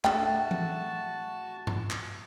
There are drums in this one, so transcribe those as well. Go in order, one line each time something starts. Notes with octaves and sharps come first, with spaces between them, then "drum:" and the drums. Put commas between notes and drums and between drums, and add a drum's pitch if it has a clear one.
A3 D4 F#4 G#4 E5 G5 A5, drum: clap
drum: tom E3
drum: tom G2
drum: clap